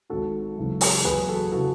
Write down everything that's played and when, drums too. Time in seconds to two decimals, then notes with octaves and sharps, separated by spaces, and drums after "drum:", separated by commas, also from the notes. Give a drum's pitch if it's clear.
0.10 G#1 G#2 D#3 F#4 A4
0.57 G#1 F#2 C#3 E3
0.81 drum: open hi-hat
1.05 F#1 E2 B2 G#4 B4
1.29 F#4 A4
1.52 C#3 E3 F#4 A4